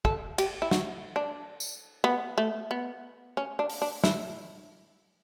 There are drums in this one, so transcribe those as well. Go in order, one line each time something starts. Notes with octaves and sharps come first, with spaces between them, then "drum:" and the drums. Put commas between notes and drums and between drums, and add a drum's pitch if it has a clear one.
A4, drum: kick
G4, drum: cymbal
E4
F#4, drum: snare
D4
drum: tambourine
B3
A3
B3
C#4
D4
drum: open hi-hat
D4
E4, drum: snare